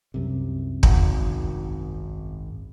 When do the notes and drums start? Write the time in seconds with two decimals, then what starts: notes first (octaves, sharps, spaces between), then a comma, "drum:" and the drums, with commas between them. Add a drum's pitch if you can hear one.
0.14 C2 F#2 C3
0.83 G#1, drum: kick